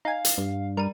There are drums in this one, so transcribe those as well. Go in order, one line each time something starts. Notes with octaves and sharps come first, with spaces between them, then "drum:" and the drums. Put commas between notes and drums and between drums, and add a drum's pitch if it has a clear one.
D#4 F5 G#5
drum: hi-hat
G2
G3 A#4 D#7